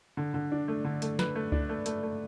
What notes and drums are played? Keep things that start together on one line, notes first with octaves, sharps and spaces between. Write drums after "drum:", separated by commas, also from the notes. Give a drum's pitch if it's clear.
D3
D3
D4
A3
D3
A3, drum: hi-hat
B4, drum: snare
A3
D4, drum: kick C#2
A3
A3, drum: hi-hat
A3